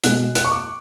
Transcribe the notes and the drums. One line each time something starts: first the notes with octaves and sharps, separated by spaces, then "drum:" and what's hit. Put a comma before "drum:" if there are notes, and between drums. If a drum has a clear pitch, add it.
B2 G#3 F#6, drum: hi-hat
F#6, drum: hi-hat
C#6
D6